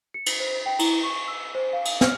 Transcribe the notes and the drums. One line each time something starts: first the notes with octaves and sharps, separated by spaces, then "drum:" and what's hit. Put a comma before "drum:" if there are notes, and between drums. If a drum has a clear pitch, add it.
C#7
drum: cymbal
C5
G5
E4, drum: cymbal
C#6
E6
C5
F5
drum: cymbal
F6, drum: snare